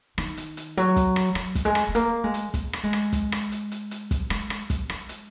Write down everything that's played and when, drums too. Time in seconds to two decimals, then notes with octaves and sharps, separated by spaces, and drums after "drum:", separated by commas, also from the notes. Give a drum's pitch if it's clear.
0.18 D#3, drum: rim click
0.37 drum: hi-hat
0.57 drum: hi-hat
0.77 F#3
0.96 drum: kick, hi-hat
1.16 drum: rim click
1.35 F#3, drum: rim click
1.55 drum: kick, hi-hat
1.65 G#3
1.75 drum: rim click
1.89 G#3
1.95 A#3, drum: hi-hat
2.24 G#3
2.34 drum: hi-hat
2.54 A#3, drum: kick, hi-hat
2.73 drum: rim click
2.84 G#3
2.93 drum: rim click
3.13 drum: kick, hi-hat
3.32 drum: rim click
3.52 drum: hi-hat
3.72 drum: hi-hat
3.91 drum: hi-hat
4.11 drum: kick, hi-hat
4.30 G#3, drum: rim click
4.50 drum: rim click
4.70 drum: kick, hi-hat
4.90 G#3, drum: rim click
5.09 drum: hi-hat